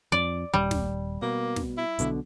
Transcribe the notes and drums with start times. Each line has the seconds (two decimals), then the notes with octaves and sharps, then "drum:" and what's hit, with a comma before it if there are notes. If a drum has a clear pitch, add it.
0.12 F2 D5
0.54 D#1 G3
0.71 drum: snare
1.22 B2 A#3
1.56 drum: snare
1.78 E4
1.99 B1 B2 D3, drum: hi-hat